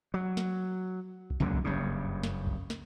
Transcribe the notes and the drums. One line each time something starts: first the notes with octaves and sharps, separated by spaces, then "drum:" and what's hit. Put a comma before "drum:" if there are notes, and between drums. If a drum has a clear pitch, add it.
F#3
drum: snare
drum: kick C2
C#2 F#2 A#2 D3
drum: kick C2
F#1 G2 C#3
drum: snare
drum: kick C2
drum: snare